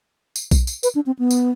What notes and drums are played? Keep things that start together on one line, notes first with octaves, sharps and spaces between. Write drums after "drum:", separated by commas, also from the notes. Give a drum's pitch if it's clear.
drum: tambourine
drum: kick B1, tambourine
drum: tambourine
B4, drum: tambourine
D4
C4
B3
drum: tambourine